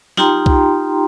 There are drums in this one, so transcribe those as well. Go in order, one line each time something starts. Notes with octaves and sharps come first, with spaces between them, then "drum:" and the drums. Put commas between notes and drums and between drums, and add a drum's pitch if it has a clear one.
D#4 F4 G4 G5 A#5 C6, drum: snare
drum: kick C2